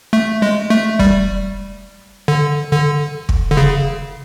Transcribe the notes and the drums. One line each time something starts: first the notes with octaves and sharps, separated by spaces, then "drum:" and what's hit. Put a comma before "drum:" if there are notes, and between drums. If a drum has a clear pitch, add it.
A3
G#3
A3
G3, drum: kick
D3
D3
drum: kick
D3
C#3